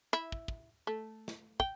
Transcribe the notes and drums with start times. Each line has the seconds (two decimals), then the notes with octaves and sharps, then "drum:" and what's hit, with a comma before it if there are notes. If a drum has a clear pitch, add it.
0.13 E4
0.32 drum: kick
0.48 drum: kick
0.87 A3
1.28 drum: snare
1.60 G5, drum: kick